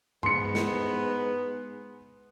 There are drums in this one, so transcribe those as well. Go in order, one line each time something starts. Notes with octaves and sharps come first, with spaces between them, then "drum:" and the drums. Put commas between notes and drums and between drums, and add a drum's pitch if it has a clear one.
G#2 B3 C6 C#7, drum: tom G2
drum: snare